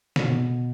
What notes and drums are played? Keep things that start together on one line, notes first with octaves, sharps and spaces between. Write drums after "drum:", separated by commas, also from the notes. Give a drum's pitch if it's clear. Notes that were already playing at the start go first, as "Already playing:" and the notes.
B2, drum: snare